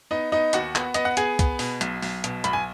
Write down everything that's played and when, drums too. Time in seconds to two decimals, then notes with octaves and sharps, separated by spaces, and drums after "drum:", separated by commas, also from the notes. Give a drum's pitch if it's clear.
0.11 B3 D#4 D#5
0.32 B3 D#4 D#5
0.53 D#2 F#4 F#5, drum: hi-hat
0.75 B3, drum: clap
0.94 B3 D#5, drum: hi-hat
1.05 F#5
1.17 B3 G#4 G#5, drum: hi-hat
1.39 B3, drum: kick, hi-hat
1.59 B2, drum: open hi-hat
1.81 B1, drum: hi-hat
2.02 B1, drum: open hi-hat
2.24 B2, drum: hi-hat
2.44 B1 B5, drum: hi-hat
2.53 G#5